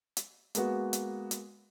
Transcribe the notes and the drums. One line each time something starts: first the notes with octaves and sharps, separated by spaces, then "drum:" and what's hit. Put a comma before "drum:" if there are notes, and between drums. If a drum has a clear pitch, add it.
drum: hi-hat
G#3 A#3 B3 F#4, drum: hi-hat
drum: hi-hat
drum: hi-hat